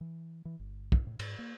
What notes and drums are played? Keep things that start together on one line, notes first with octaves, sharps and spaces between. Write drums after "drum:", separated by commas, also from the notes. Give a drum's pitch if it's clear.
E3
E3
G1
drum: kick
A2
G#2, drum: cymbal
A#3